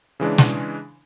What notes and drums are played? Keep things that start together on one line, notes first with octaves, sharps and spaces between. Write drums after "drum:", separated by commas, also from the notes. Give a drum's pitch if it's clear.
C#3 E3 G#3 D4
drum: snare